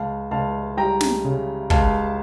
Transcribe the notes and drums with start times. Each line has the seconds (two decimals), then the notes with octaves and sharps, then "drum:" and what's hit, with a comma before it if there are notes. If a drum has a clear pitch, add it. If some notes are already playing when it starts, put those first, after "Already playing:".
Already playing: C#2 F5 A5
0.31 C#2 F5 A5
0.77 G3 G5 A#5
1.01 drum: snare
1.24 C#3
1.70 C#2 F5 A5, drum: kick